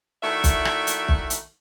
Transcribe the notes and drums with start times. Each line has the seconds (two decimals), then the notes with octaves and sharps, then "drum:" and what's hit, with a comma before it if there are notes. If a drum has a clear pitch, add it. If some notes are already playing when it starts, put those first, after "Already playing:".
0.22 D#3 A3 E4 F#4 D5 E5
0.44 drum: kick B1, hi-hat
0.65 drum: rim click
0.87 drum: hi-hat
1.08 drum: kick B1
1.30 drum: hi-hat